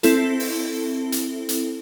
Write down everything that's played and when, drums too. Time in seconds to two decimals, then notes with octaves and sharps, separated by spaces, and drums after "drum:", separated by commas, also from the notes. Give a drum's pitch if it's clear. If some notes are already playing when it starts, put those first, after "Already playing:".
0.03 C4 E4 A4, drum: hi-hat
0.40 drum: open hi-hat
1.12 drum: hi-hat
1.49 drum: hi-hat